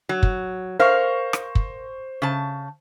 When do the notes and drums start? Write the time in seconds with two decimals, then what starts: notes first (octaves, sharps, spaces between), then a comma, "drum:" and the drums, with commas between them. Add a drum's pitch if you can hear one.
0.09 F#3
0.23 drum: kick
0.79 A#4 C5 F5 C#6
1.33 drum: rim click
1.55 drum: kick
2.22 C#3 A5